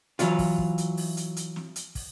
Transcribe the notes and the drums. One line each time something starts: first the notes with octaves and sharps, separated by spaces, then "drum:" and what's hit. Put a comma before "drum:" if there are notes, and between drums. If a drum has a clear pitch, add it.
E3 F#3 F4, drum: hi-hat
drum: kick, open hi-hat
drum: kick
drum: hi-hat
drum: open hi-hat
drum: hi-hat
drum: hi-hat
drum: snare
drum: hi-hat
drum: kick, open hi-hat